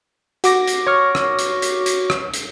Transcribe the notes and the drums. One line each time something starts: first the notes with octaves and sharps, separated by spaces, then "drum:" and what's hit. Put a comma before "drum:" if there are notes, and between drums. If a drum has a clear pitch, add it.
F#4 D6 A#6, drum: hi-hat
drum: hi-hat
C#5 C#6 F6
drum: rim click
drum: hi-hat
drum: hi-hat
drum: hi-hat
drum: rim click
drum: hi-hat